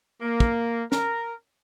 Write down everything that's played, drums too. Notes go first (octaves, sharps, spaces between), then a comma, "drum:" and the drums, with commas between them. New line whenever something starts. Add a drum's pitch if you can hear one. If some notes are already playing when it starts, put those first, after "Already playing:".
A#3
drum: kick
A#4, drum: snare